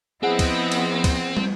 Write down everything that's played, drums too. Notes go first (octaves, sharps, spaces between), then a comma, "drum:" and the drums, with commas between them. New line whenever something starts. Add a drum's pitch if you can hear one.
F3 B3 C4 E4 G#4 D#5 F#5
drum: kick C#2, cymbal
drum: cymbal
drum: kick C#2, cymbal
drum: tom